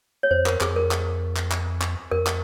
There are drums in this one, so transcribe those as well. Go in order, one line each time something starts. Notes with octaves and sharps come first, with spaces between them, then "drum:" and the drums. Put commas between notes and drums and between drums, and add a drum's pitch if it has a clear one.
C#5
F2 C5
A#4, drum: clap
F2 G#4, drum: clap
A#4
drum: clap
drum: clap
drum: clap
drum: clap
F2 A#4
drum: clap